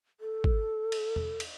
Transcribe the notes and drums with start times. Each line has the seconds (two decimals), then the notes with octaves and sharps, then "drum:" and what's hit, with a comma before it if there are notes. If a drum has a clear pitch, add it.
0.20 A4
0.44 drum: kick
0.92 drum: cymbal
1.16 drum: tom E2
1.40 drum: cymbal